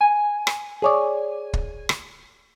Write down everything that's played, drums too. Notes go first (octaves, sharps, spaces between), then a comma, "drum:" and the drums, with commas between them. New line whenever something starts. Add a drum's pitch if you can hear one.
G#5
drum: rim click
G#4 C#5 D5
drum: kick
drum: rim click